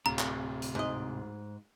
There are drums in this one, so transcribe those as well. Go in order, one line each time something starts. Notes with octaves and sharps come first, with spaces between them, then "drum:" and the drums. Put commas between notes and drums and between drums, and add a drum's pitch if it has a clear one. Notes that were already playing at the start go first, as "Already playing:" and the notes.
D1 C3 A#5
drum: clap
drum: hi-hat
G#2 D#5